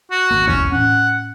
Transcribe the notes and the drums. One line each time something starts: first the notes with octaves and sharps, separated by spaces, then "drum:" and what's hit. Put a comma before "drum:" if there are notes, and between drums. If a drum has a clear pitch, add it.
F#4
G#1 A#3
B1 E2 E3 C#4, drum: kick
A2 C#4 F#5